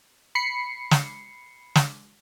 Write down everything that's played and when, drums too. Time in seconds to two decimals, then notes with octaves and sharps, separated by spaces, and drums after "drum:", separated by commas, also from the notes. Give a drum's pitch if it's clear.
0.35 B5 C7 C#7
0.91 drum: snare
1.75 drum: snare